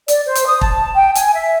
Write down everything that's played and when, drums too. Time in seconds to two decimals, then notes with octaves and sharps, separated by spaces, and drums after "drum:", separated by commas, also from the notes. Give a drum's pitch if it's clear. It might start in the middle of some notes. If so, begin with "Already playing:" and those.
0.08 D5, drum: hi-hat
0.26 C5
0.35 drum: hi-hat
0.47 D#6
0.61 A5, drum: kick
0.95 G5
1.15 G#5, drum: hi-hat
1.34 E5